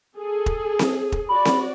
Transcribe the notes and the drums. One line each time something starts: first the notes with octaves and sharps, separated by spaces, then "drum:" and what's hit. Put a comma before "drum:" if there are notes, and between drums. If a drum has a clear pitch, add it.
G#4 A4
drum: kick
drum: snare C4
drum: kick
F#4 D5 B5
drum: snare C4